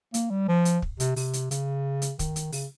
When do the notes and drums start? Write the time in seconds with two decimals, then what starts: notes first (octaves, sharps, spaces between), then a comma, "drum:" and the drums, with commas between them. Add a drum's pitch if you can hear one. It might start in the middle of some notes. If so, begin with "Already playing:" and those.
0.14 A#3, drum: hi-hat
0.31 G3
0.48 F3
0.65 drum: hi-hat
0.82 drum: kick
1.00 C3, drum: hi-hat
1.16 C3, drum: open hi-hat
1.33 drum: hi-hat
1.51 C#3, drum: hi-hat
2.02 drum: hi-hat
2.19 D#3, drum: kick, hi-hat
2.36 drum: hi-hat
2.52 C#3, drum: open hi-hat